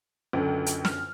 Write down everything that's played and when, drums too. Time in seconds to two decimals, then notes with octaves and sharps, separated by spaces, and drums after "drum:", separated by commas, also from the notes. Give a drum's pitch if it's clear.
0.33 C#2 F#2 D3
0.66 drum: hi-hat
0.85 F6, drum: snare